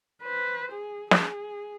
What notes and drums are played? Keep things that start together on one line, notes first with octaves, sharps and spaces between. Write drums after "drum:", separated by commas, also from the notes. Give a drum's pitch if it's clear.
B4 C5
G#4
G#4, drum: snare